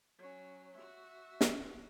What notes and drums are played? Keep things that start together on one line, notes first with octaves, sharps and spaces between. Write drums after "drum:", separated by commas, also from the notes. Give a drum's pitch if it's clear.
F#3 C#4
F#4 E5
drum: snare